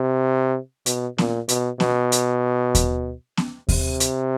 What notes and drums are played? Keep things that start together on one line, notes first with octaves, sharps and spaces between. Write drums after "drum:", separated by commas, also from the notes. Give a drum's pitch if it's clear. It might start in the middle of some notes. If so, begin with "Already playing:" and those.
Already playing: C3
B2, drum: hi-hat
A#2, drum: snare B3
B2, drum: hi-hat
B2, drum: snare B3
drum: hi-hat
drum: kick D#2, hi-hat
drum: snare B3
C3, drum: kick D#2, open hi-hat
drum: hi-hat